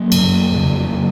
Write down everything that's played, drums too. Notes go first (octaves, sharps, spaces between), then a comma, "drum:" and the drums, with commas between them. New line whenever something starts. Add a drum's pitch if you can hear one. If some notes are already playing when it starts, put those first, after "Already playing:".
Already playing: F#3 A#3
F#2 C#3, drum: cymbal
F2 C#3